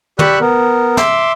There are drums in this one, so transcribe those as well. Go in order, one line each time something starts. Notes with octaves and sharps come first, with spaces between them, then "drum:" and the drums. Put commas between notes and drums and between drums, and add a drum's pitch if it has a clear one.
G4 D5 B5 C#6 E6 F#6, drum: tom
B3 A#4
E5 C6 D6 E6, drum: snare